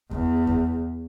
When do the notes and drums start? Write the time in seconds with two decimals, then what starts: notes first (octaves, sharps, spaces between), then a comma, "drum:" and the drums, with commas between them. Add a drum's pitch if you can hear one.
0.11 E2, drum: kick F2
0.47 drum: kick F2